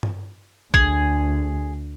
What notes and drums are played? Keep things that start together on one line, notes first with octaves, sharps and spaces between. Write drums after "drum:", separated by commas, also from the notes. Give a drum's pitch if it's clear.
drum: tom G2
D2 G#4, drum: kick